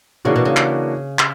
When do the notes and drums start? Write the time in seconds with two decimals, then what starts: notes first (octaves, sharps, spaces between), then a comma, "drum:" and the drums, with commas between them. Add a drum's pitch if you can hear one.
0.25 C#3 E3 A#3 D4 F#4
0.36 B2
0.45 C#3
0.57 drum: clap
1.19 drum: clap